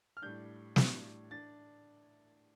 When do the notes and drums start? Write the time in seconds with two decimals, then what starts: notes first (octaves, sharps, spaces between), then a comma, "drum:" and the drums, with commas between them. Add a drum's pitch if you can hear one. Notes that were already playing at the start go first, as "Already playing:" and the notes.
0.17 F6
0.22 A2 G3 D4 G6
0.76 A2 G3 D4, drum: snare
1.31 D4 A6